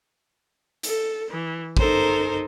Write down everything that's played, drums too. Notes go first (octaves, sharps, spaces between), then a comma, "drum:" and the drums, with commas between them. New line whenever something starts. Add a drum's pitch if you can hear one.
A4, drum: hi-hat
E3
D#4 A4 A#4 C5, drum: kick